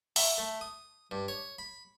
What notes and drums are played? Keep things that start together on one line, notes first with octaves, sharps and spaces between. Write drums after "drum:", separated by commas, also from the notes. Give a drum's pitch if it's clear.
E5, drum: open hi-hat
A3
D#6
G2
C#5
B5